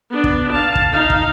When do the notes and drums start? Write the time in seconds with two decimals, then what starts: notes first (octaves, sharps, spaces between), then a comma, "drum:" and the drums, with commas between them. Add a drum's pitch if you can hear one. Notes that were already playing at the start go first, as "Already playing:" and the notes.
0.11 B3 D4
0.24 drum: kick
0.52 F5 A5
0.75 drum: kick
0.93 D#4 F5
1.10 drum: kick